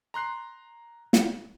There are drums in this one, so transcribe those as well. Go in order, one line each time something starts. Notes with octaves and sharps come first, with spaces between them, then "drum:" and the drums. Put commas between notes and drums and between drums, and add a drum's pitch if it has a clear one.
A#5 C6 F#6 C7
drum: snare